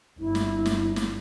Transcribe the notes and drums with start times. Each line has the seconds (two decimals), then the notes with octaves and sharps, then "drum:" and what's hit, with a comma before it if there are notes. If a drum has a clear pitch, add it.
0.19 G1 E4
0.35 drum: snare
0.66 drum: snare
0.96 drum: snare